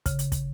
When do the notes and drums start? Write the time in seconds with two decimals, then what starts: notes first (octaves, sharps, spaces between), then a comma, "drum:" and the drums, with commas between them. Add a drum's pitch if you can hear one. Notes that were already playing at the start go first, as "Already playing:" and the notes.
0.06 C#3, drum: kick, hi-hat
0.19 drum: hi-hat
0.32 drum: kick, hi-hat